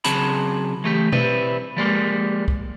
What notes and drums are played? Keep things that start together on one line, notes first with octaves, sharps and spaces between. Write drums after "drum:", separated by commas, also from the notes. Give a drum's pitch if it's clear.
C#3 F#3 C4 G#4 A5 B5, drum: hi-hat
E3 A3 G4
G3 C4 E4 B4, drum: tom B2
F3 G3 G#3 A#3
drum: kick C2